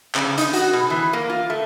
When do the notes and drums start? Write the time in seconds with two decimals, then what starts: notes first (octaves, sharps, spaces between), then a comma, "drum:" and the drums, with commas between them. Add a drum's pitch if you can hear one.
0.15 C#3, drum: clap
0.38 D#4, drum: hi-hat
0.53 F#4, drum: hi-hat
0.73 B2
0.90 E3
1.13 A#3
1.30 F4
1.50 A3